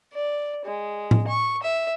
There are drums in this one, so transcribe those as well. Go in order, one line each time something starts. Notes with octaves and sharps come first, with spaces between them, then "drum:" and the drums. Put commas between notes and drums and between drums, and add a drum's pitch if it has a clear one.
D5
G#3
drum: tom A2
C#6
E5